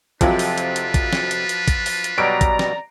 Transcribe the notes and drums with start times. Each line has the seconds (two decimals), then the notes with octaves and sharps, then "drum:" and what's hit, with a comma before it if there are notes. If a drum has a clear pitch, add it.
0.21 F2 C3 F3 F#3 D4 F4 B4, drum: kick, hi-hat
0.39 drum: open hi-hat
0.58 drum: hi-hat
0.76 drum: hi-hat
0.94 drum: kick, hi-hat
1.13 drum: snare
1.31 drum: hi-hat
1.49 drum: hi-hat
1.68 drum: kick, hi-hat
1.86 drum: open hi-hat
2.04 drum: hi-hat
2.18 B2 F#3 G3 D5 A#5 D7
2.41 drum: kick, hi-hat
2.59 drum: snare